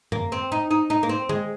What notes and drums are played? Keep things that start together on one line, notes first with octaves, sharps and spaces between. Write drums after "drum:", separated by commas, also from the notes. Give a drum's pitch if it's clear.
A#3, drum: tom F#2
C4
D#4
D#4
D#4
A#3
C4
G#3, drum: tom D3